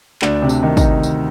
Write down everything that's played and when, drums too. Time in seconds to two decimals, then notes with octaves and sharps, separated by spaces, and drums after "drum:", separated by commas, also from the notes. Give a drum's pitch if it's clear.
0.22 D2 D4, drum: clap
0.42 C3
0.49 D4, drum: tambourine
0.63 D#3
0.77 D#4, drum: kick, tambourine
1.03 drum: tambourine